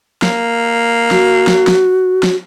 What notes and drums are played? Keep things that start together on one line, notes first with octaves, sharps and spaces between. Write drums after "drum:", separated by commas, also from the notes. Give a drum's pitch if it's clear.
A#3, drum: snare
F#4, drum: snare
drum: snare
drum: snare
drum: snare